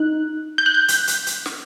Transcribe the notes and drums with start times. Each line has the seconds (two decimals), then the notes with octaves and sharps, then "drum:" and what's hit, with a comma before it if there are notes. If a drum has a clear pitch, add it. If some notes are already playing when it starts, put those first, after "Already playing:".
Already playing: D#4 F#6
0.58 G6
0.66 F#6
0.74 G6
0.88 drum: hi-hat
1.07 drum: hi-hat
1.27 drum: hi-hat
1.46 drum: snare